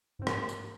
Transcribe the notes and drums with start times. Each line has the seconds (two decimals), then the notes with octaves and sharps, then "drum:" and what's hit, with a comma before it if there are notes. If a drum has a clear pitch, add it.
0.19 G#2 C4
0.27 A#3, drum: rim click
0.49 drum: tambourine